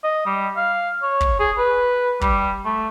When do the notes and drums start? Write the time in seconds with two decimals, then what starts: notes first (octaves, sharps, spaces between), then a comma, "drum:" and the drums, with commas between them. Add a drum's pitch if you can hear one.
0.04 D#5
0.26 G3
0.57 F5
1.03 C#5
1.21 drum: kick
1.40 G#4
1.58 B4
2.21 G3, drum: kick
2.65 A3